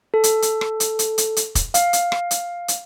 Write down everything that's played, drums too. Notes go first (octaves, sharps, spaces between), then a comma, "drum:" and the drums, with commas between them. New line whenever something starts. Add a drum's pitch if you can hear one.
A4
drum: hi-hat
drum: hi-hat
drum: rim click
drum: hi-hat
drum: hi-hat
drum: hi-hat
drum: hi-hat
drum: kick E1, hi-hat
F5, drum: hi-hat
drum: hi-hat
drum: rim click
drum: hi-hat
drum: hi-hat